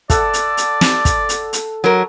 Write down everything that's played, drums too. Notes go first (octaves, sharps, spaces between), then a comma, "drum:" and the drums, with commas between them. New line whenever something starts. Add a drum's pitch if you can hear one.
A4 D5 F#5, drum: kick, hi-hat
drum: hi-hat
drum: hi-hat
drum: snare
drum: kick, hi-hat
drum: hi-hat
drum: hi-hat
F#3 A#4